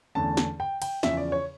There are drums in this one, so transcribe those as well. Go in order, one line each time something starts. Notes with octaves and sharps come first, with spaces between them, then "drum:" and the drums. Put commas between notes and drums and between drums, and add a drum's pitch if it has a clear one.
E2 D3 A3 C#4 A5
drum: snare
G5
G5, drum: cymbal
E2 C#3 F3 C#4 E5, drum: snare
D5
C#5